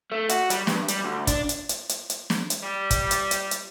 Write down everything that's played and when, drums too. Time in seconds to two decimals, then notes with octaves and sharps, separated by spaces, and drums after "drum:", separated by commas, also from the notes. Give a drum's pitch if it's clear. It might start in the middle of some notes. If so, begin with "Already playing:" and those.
0.12 A3
0.29 F#4, drum: hi-hat
0.50 G3, drum: hi-hat
0.67 G2, drum: snare
0.88 G3, drum: hi-hat
1.03 D2
1.27 D4, drum: kick, hi-hat
1.49 drum: hi-hat
1.69 drum: hi-hat
1.89 drum: hi-hat
2.10 drum: hi-hat
2.30 drum: snare
2.50 drum: hi-hat
2.63 G3
2.91 drum: kick, hi-hat
3.11 drum: hi-hat
3.31 drum: hi-hat
3.51 drum: hi-hat